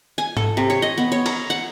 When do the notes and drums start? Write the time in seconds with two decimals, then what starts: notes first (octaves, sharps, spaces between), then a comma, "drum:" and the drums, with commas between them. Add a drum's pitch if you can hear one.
0.18 G#5
0.37 A4, drum: tom G#2
0.57 C3
0.70 C#5
0.82 D#5
0.98 B3
1.12 C#5
1.26 A#5, drum: cymbal
1.50 F#5